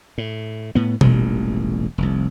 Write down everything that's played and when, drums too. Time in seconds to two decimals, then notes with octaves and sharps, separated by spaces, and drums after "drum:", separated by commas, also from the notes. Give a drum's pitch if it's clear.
0.18 A2
0.75 A2 B3
1.01 E1 A1 A#2 G3, drum: tom B2
1.98 F1 C2